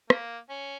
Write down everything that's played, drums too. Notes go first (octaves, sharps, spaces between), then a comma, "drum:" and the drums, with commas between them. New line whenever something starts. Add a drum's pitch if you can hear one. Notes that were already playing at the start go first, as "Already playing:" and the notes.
A#3, drum: rim click
C#4